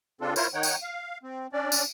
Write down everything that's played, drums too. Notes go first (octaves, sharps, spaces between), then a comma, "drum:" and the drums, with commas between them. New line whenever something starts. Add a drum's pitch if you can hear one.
C#3 C4 D4 F4 A4
E4 F4 A#4 C5 C#5, drum: tambourine
D#3 D#4 C#5 F#5 G5
drum: tambourine
F5
C4
C#4 D4 D5
drum: tambourine